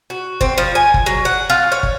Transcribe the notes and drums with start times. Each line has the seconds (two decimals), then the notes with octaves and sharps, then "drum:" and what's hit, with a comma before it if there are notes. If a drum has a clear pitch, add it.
0.10 F#4
0.41 C4, drum: kick
0.58 F3
0.75 G#5
0.94 drum: kick
1.06 F#3
1.25 F#5
1.50 F4
1.72 C#5
1.83 drum: kick